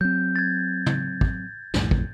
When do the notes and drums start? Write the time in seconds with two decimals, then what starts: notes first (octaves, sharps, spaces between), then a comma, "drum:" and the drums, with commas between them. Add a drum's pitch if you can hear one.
0.01 F#3 C4 G6
0.36 G#6 A6
0.86 drum: tom
1.21 drum: kick
1.74 B1 F2 A2, drum: snare
1.91 drum: kick